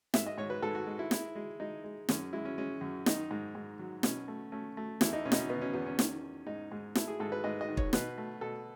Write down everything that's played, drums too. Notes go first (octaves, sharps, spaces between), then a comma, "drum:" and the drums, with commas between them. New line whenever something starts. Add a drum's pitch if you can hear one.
G#2 E5, drum: snare
D#5
G#2 C#5
B4
G#2 A4
F#4
G#3
E4
G#3 E4, drum: snare
G#3
G#3 D#4
G#3
F#2 C#4, drum: snare
G#3 E4
C#4
G#3 C#4
F#2
D#3 D#4, drum: snare
G#2
G#2
F#3
B2 C#4, drum: snare
A3
A3 C#4
A3
E2 E4, drum: snare
D#4
B2 C#4
D#4, drum: snare
C#4
B2 B3
C#4
E2 B3
C#4
D#3, drum: snare
D#3
G#2 D#4
G#2
A3 E4, drum: snare
G#4
G#2 A4
B4
G#2 D#5
D#5
D#3
C#5, drum: kick
B2 B4, drum: snare
A3
B2 A4